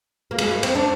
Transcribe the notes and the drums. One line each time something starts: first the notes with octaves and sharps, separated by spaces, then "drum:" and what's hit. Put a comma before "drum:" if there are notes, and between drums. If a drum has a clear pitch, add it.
A#3
G#3, drum: cymbal
A#3
C4, drum: cymbal
D4